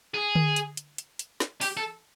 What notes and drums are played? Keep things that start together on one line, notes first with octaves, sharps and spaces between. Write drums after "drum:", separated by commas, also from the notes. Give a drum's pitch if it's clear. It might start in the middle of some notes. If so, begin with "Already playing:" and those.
G#4
drum: tom D3
drum: hi-hat
drum: hi-hat
drum: hi-hat
drum: hi-hat
drum: snare
G4, drum: open hi-hat
A4